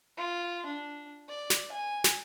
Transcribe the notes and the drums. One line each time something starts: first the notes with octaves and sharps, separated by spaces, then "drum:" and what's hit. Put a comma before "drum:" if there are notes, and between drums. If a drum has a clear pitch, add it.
F4
D4
D5
drum: snare
G#5
drum: snare